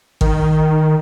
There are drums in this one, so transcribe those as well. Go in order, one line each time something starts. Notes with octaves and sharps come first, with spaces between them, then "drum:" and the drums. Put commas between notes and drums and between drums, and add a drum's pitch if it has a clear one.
D#3, drum: kick G#1